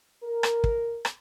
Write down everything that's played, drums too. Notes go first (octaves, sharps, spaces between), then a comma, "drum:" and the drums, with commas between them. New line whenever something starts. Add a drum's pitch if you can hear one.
A#4
drum: rim click
drum: kick
drum: rim click